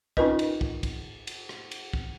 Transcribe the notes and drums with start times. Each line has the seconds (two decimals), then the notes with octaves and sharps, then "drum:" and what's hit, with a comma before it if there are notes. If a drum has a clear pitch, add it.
0.17 C#4 D#4 F4 A#4 B4 D#5, drum: kick
0.39 drum: cymbal
0.61 drum: kick
0.83 drum: kick, cymbal
1.27 drum: cymbal
1.49 drum: rim click
1.71 drum: cymbal
1.93 drum: kick